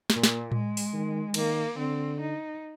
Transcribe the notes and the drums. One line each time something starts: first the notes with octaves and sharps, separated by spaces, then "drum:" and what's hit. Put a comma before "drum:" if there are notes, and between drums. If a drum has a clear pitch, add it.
A#2 A#3, drum: snare
drum: snare
G#3, drum: tom A2
drum: open hi-hat
D#3
D#3 A#3, drum: cymbal
D3 C4
D#4